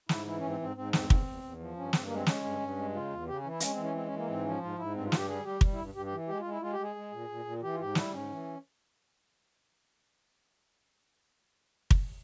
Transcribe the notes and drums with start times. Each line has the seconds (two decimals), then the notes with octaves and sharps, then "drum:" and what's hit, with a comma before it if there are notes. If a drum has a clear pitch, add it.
0.09 G#2 E4, drum: snare
0.26 E3 E4
0.37 C#4
0.43 G#2
0.49 C4
0.60 G#2 C4
0.76 G#2 C4
0.93 E2 C4, drum: snare
1.10 E2, drum: kick
1.27 E2
1.43 E2
1.59 F3
1.76 G2 C#4
1.93 G2 C4, drum: snare
2.04 A#3
2.10 G#3
2.15 C4
2.26 G#3 C#4, drum: snare
2.44 G2
2.60 G2
2.77 G#3
2.94 C#3 F4
3.10 E2
3.27 C#3 G4
3.38 C#4
3.44 E3
3.50 E4
3.60 G#3 C#4, drum: hi-hat
3.71 C4
3.77 E3
3.83 C#4
3.94 G#3 C4
4.05 C#4
4.11 E3
4.17 A#3
4.28 G#2 C4
4.44 F3 C#4
4.61 G#2 F4
4.78 G#2 E4
4.94 G2 C4
5.06 F4
5.12 G2 G4, drum: snare
5.28 G3 G#4
5.45 G3 G4
5.61 G3, drum: kick
5.73 E4
5.79 G2
5.94 G2 G4
6.06 G4
6.11 E3
6.28 G#3 G4
6.39 F4
6.45 G#3
6.51 E4
6.61 G#3 F4
6.72 G4
6.79 G#3 G#4
6.96 G#3
7.12 A#2
7.29 A#2
7.45 A#2
7.62 E3 G4
7.75 F4
7.79 G#2 G4
7.95 G3 E4, drum: snare
8.12 G#2 C#4
8.29 E3
11.91 drum: kick